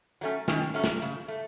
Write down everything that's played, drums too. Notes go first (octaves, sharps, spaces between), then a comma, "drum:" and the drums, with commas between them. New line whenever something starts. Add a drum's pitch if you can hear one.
F#3 A3 C#4
D#3 C#4, drum: snare
F#3 A3 C#4
drum: snare
C#3
A3